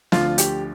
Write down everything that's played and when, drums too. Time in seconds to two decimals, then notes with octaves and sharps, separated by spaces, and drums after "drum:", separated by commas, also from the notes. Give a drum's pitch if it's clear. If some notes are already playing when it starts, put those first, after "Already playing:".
0.12 D2 D3 F3 F4, drum: snare
0.38 G4, drum: hi-hat